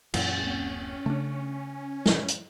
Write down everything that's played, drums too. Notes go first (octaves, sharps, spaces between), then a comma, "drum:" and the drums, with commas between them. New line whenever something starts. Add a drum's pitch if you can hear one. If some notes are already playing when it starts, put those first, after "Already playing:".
F#2 A#2 E3 C#4, drum: cymbal
D1 A#3 C4
C#3 A3 D4
drum: snare
drum: hi-hat